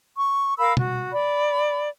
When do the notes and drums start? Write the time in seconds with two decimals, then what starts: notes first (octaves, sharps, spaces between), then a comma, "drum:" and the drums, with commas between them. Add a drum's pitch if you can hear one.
0.17 C#6
0.59 A#4 F5 B5 E6
0.77 F#4, drum: tom B2
1.12 D5 B5